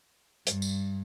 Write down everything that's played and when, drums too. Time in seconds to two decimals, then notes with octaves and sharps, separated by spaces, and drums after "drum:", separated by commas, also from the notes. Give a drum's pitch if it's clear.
0.47 G2, drum: hi-hat
0.62 drum: tambourine